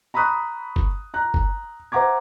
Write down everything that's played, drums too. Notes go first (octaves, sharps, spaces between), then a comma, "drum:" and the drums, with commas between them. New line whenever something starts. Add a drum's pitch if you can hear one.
A#5 B5 C#6 D#6 F#6
drum: kick F#1
A#5 F#6
drum: kick F#1
C5 E5 F#5 A#5 D6 G#6